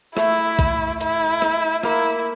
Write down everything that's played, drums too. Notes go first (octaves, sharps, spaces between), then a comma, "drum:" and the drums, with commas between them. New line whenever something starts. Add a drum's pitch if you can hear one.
A3 E4, drum: rim click
drum: kick, hi-hat
E4, drum: hi-hat
drum: rim click
A#3 E4, drum: rim click